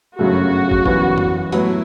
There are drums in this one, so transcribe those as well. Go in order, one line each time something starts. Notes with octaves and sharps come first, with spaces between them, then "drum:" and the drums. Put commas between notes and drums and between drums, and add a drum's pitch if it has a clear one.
G1 F#2 C#3 F#3 A3 F#4
drum: kick
F#2 E3 G3 B3, drum: kick
drum: tom F2
A2 F#3 B3 E4, drum: hi-hat